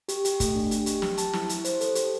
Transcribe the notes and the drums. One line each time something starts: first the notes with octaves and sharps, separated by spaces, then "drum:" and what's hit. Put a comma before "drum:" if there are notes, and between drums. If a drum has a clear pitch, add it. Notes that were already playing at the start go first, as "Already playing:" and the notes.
G4, drum: hi-hat
G4, drum: hi-hat
A3, drum: kick, hi-hat
D4
G4, drum: hi-hat
G4, drum: hi-hat
G4, drum: snare
A5, drum: hi-hat
E4, drum: snare
E4, drum: hi-hat
C5, drum: hi-hat
A4, drum: hi-hat
G4, drum: hi-hat